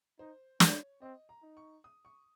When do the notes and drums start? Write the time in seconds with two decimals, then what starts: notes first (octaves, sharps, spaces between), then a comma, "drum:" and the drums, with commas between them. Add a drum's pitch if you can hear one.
0.19 D#4 C5
0.60 C#4 C#5, drum: snare
1.01 C4 D#5
1.29 A#5
1.42 D#4
1.57 C#6
1.84 D#6
2.05 C#6